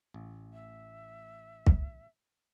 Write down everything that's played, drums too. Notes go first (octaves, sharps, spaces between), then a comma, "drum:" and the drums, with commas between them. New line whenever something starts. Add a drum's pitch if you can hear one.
A1
E5
drum: kick